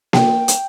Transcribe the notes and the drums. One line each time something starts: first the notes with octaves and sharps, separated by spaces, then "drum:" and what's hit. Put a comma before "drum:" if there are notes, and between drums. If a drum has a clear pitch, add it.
G5, drum: snare A#3
drum: hi-hat